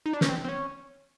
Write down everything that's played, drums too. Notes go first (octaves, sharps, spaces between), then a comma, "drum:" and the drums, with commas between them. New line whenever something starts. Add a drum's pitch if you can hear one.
D#4
D4
C#4, drum: snare
C4
C4
C#4